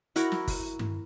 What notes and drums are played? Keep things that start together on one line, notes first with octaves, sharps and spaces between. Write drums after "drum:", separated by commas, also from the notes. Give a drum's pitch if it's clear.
E4 F#4 A#4, drum: hi-hat
drum: snare
drum: kick G1, open hi-hat
drum: tom G2